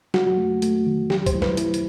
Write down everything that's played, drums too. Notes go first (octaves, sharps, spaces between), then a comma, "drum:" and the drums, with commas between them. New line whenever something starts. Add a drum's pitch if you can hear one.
F#3 F#4, drum: snare
A3
A3, drum: hi-hat
D#3
F#3 G4, drum: snare
C5, drum: kick C2, hi-hat
E4
B4, drum: snare
E4, drum: hi-hat
drum: hi-hat